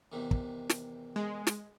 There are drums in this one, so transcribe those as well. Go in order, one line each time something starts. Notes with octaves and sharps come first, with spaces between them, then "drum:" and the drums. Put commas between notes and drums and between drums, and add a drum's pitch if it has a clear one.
E2 C3 D#3
drum: kick
drum: snare
G#3
drum: snare